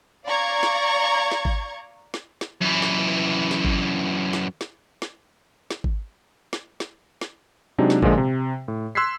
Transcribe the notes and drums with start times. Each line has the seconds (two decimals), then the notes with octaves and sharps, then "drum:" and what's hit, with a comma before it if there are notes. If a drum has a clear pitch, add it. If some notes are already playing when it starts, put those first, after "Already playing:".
0.25 D5 F5 A#5 C#6 G#6
0.63 drum: snare
1.31 drum: snare
1.45 drum: kick G#1
2.14 drum: snare
2.41 drum: snare
2.62 F#2 E3
2.82 drum: snare
3.51 drum: snare
3.65 drum: kick G#1
4.33 drum: snare
4.61 drum: snare
5.02 drum: snare
5.71 drum: snare
5.84 drum: kick G#1
6.53 drum: snare
6.80 drum: snare
7.21 drum: snare
7.78 C3 F#3 G#3 D4 D#4
7.90 drum: snare
8.02 A#2 D3 F3 G#3, drum: kick G#1
8.17 C3
8.68 A2
8.95 C6 E6 F#6 G#6 B6 C7